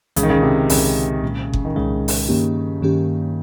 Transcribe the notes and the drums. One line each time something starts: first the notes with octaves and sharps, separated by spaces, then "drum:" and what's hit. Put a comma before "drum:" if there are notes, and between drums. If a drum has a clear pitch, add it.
C2 A#2 C#3 G#3, drum: hi-hat
D#3
C#3
C3
C2 A#2 C#3 G#3, drum: open hi-hat
C2 A#2 G#3
drum: kick F#1
D#3
C2 A#2 C#3 G#3
drum: open hi-hat
G2 D#3 A#3 C#4 G4
G2 D#3 A#3 C#4 G4